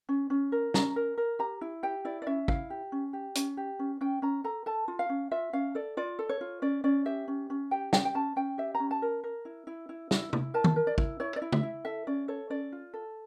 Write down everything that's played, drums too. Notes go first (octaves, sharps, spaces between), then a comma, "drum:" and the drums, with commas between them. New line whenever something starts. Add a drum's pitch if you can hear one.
C#4
C#4
A#4
C#4 A#5, drum: snare
A#4
A#4
G4 A#5
E4
G4 G5
E4 D5
D5
C#4 E5
E4 F5, drum: kick
G4
C#4
G4
C#4, drum: hi-hat
G4
C#4
C#4 G5
C#4 A#5
A4 A#5
A4 A5
F4
F5
C#4
F4 E5
C#4 F5
A4 D5
F4 D5
A4
C#5
F4
C#4 D5
C#4 D5
G4 E5
C#4
C#4
G4 G5
C#4 G5, drum: snare
G5
C#4 A5
C#4 G5
G4 E5
A#5
C#4
A5
A#4
A#4
E4
E4
E4
E4, drum: snare
E4, drum: tom
A#4 A5
drum: tom D#3
A#4
D5
E4, drum: kick
E4 C#5
D5
E4
E5, drum: tom
E4
A4 E5
C#4 D5
A4 C#5
C#4 D5
F4
A4